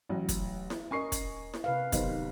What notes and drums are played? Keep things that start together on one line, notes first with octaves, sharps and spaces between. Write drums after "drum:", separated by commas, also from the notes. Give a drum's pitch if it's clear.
A1 F#3
drum: kick, hi-hat
drum: snare E4
C#4 A#4 D#5 G#5 C#6 C7
drum: kick, hi-hat
drum: snare E4
C3 B4 F5
B1 D#3 D#4 G4 C5, drum: kick, hi-hat